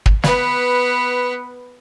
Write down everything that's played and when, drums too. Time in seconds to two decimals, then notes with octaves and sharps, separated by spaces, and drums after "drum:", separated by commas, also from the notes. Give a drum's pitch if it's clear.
0.06 drum: kick
0.23 B3 B4, drum: snare